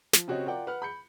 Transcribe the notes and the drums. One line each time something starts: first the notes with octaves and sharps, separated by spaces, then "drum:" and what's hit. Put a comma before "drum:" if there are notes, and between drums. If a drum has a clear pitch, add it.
F3, drum: snare
C#3 C4 F#4 G4 C#5 D#5
F4 A#4 D5 F#5 G5 D6
B4 F#5 F6
B5 G6 C#7